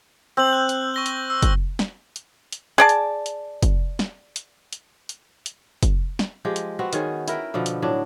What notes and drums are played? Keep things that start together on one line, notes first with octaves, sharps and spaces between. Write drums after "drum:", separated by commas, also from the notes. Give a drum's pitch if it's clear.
C4 E6 G6 F#7
F#6 F#7
drum: hi-hat
C#6 A#6 G7
drum: hi-hat
E6
drum: kick, hi-hat
drum: snare
drum: hi-hat
drum: hi-hat
G#4 D5 A5
drum: hi-hat
drum: hi-hat
drum: kick, hi-hat
drum: snare
drum: hi-hat
drum: hi-hat
drum: hi-hat
drum: hi-hat
drum: kick, hi-hat
drum: snare
F3 G#3 G4
drum: hi-hat
B3 C4 F#4
D#3 C#4 G#4, drum: hi-hat
E4 A#4 B4 G5, drum: hi-hat
B2 D3 F3
drum: hi-hat
A2 F#3 D4